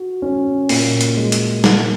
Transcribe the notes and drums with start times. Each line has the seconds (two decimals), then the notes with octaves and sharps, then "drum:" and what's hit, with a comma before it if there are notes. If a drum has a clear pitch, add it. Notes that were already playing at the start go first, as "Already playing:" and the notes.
Already playing: F#4
0.22 C#4
0.69 A#2, drum: open hi-hat
1.01 drum: hi-hat
1.17 G#3
1.32 drum: hi-hat
1.64 drum: snare